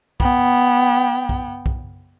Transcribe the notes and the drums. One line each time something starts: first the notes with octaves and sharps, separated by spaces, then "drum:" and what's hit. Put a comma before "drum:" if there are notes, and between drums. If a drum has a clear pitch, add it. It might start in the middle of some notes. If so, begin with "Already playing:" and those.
B3 G5, drum: kick B1
drum: kick B1
drum: kick B1